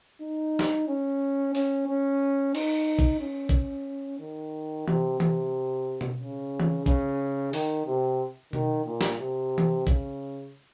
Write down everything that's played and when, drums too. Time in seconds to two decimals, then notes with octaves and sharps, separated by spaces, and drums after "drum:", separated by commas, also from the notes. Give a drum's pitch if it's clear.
0.21 D#4
0.59 drum: snare
0.88 C#4
1.55 C#4, drum: open hi-hat
1.88 C#4
2.55 D#4, drum: cymbal
2.99 drum: kick
3.20 C#4
3.49 drum: kick
4.20 D#3
4.88 C3, drum: tom E3
5.20 C3, drum: tom E3
6.01 drum: tom B2
6.20 C#3
6.60 drum: tom E3
6.86 C#3, drum: kick
7.53 D#3, drum: open hi-hat
7.87 C3
8.53 D#3, drum: tom B2
8.86 A#2
9.01 drum: snare
9.19 C3
9.58 drum: tom E3
9.87 C#3, drum: kick